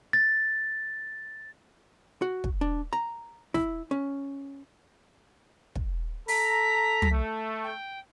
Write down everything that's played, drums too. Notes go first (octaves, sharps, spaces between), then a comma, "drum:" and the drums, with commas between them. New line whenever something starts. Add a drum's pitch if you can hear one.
A6
F#4
drum: kick
D4
A#5
E4, drum: snare
C#4
drum: kick
A4 A#5 B6, drum: open hi-hat
drum: tom
A3
G5